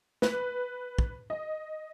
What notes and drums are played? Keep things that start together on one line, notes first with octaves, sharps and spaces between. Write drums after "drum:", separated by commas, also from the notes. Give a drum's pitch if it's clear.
B4, drum: snare
drum: kick
D#5